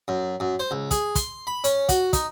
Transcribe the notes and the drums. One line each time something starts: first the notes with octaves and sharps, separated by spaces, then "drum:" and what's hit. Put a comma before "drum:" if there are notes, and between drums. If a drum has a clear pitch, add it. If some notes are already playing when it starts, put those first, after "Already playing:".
F#2
F#2
C5
C#2
G#4, drum: kick, hi-hat
C6, drum: kick, hi-hat
B5
C#4, drum: hi-hat
F#4, drum: kick, hi-hat
D#4, drum: kick, hi-hat